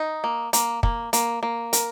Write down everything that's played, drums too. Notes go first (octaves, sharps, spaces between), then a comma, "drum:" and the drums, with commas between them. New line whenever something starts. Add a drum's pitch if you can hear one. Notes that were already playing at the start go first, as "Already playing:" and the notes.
Already playing: D#4
A#3
A#3, drum: hi-hat
A#3, drum: kick
A#3, drum: hi-hat
A#3
A#4, drum: hi-hat